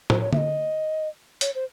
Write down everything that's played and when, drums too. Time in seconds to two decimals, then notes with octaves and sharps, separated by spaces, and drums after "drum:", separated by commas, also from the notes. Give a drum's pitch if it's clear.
0.10 C5, drum: tom
0.21 C#5
0.33 E5, drum: tom D3
0.37 D#5
1.41 C#5, drum: hi-hat
1.55 C5